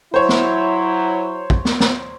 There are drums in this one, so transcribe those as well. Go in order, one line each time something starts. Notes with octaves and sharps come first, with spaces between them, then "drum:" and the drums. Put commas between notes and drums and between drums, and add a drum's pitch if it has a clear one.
F#3 E4 C5 C#5
drum: snare
drum: kick
drum: snare
drum: snare